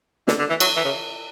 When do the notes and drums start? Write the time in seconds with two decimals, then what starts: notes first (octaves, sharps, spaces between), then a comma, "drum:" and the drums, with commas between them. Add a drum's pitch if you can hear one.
0.28 D3, drum: snare
0.39 D3
0.50 E3
0.60 F#3, drum: cymbal
0.76 E3
0.85 C#3